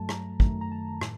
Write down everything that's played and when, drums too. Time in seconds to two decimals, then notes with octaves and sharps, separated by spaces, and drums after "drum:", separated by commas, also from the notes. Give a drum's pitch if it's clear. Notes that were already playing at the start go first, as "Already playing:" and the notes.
Already playing: G2 F#3 A3 A5
0.09 A#5, drum: rim click
0.40 F#2 D#3 F#3 A3, drum: kick
0.61 A#5
0.71 A5
1.01 A2, drum: rim click